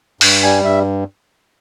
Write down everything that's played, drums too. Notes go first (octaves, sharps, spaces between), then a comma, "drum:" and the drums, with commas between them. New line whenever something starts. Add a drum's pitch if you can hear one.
G2, drum: open hi-hat
G3 G#5
G2 E5